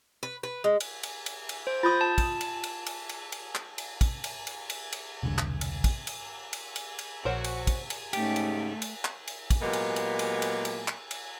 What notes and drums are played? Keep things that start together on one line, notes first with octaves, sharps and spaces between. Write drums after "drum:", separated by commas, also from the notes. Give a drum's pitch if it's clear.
B4
B4
G#3
drum: cymbal
drum: cymbal
drum: cymbal
drum: cymbal
C5
F4 C6 D#6 G6 A6
A5
drum: kick, cymbal
drum: cymbal
drum: cymbal
drum: cymbal
drum: cymbal
drum: cymbal
drum: clap
drum: cymbal
drum: kick, cymbal
drum: cymbal
drum: cymbal
drum: cymbal
drum: cymbal
E1 C2 D3
drum: clap
drum: cymbal
drum: kick, cymbal
drum: cymbal
drum: cymbal
drum: cymbal
drum: cymbal
A#1 F#4 A#4 C5 C#5
drum: cymbal
drum: kick, cymbal
drum: cymbal
G#2 C#3 A3 G4, drum: cymbal
drum: cymbal
drum: cymbal
drum: clap
drum: cymbal
drum: kick, cymbal
A#2 F#3 G#3 A#3 B3 G4
drum: cymbal
drum: cymbal
drum: cymbal
drum: cymbal
drum: cymbal
drum: clap
drum: cymbal